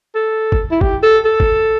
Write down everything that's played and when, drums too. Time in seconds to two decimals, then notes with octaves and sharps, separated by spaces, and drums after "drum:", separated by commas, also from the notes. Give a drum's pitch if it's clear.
0.15 A4
0.52 drum: kick G1
0.71 E4
0.81 G4, drum: kick G1
1.03 A4
1.25 A4
1.40 drum: kick G1